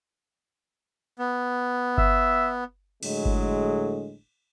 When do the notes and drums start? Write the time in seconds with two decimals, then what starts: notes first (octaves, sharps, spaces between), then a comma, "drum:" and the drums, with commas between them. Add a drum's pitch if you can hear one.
1.19 B3
1.98 E5, drum: kick G1
3.03 A2 D3 F#3 G#3, drum: cymbal
3.25 drum: kick G1